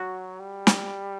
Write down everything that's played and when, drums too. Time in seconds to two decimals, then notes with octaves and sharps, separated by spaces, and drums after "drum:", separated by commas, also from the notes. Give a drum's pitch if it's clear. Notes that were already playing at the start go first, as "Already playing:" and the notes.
Already playing: F#3 F#4
0.40 G3
0.67 drum: snare